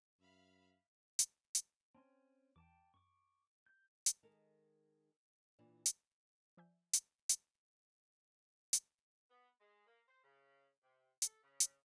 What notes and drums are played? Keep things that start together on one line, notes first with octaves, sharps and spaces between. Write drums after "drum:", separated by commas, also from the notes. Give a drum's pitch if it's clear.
F#2 E5 F5 B5
drum: hi-hat
drum: hi-hat
C4 C#4 A5 C6
E2 E3 G5 A5 D6
F#2 C#6 D6
G6
drum: hi-hat
D#3 G#3 A4 A#4
A#2 E3 D4
drum: hi-hat
F3 D5 E5 G#5 G6
drum: hi-hat
drum: hi-hat
drum: hi-hat
B3
G#3
A#3
C5
C#3
C3
A4, drum: hi-hat
C#3
drum: hi-hat